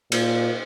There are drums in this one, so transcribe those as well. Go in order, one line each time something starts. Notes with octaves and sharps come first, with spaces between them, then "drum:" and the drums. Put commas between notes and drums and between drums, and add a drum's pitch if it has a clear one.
A#2, drum: cymbal